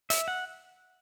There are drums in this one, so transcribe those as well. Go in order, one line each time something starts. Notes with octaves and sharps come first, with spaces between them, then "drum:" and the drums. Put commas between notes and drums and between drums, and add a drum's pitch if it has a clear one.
E5, drum: hi-hat
F#5